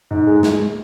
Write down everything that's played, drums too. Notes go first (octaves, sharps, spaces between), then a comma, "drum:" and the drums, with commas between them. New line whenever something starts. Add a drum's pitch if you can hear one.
G#2
G#3
drum: snare